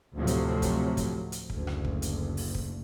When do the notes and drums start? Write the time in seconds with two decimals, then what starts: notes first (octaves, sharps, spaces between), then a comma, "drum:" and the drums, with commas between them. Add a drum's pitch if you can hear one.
0.16 D2 A2 C3 F3 F#3
0.27 drum: hi-hat
0.62 drum: kick, hi-hat
0.97 drum: kick, hi-hat
1.32 drum: hi-hat
1.50 F#1 D2, drum: kick
1.67 drum: rim click
1.85 drum: kick
2.02 drum: hi-hat
2.37 drum: open hi-hat
2.55 drum: kick